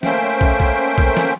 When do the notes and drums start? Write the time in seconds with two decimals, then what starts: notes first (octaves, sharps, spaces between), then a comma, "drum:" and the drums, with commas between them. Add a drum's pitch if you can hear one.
0.03 A3 A#3 C#4 C5 E5 G5, drum: snare
0.41 drum: kick
0.60 drum: kick
0.98 drum: kick
1.17 drum: snare